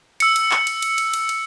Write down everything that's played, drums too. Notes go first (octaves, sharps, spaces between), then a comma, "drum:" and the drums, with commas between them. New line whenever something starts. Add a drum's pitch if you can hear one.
E6 C#7, drum: cymbal
drum: cymbal
drum: clap
drum: cymbal
drum: cymbal
drum: cymbal
drum: cymbal
drum: cymbal